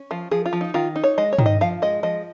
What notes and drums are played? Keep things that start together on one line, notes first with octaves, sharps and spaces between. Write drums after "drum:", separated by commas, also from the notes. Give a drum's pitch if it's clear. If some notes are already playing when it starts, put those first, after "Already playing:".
Already playing: C#4
F3 F4
F3 G#4
F4
F3
D#4
D#3 F4
D#4
C#5
G#3 D#5
C#5
D#3, drum: tom
D#5
F3 F5
G#3 D#5
F3 D#5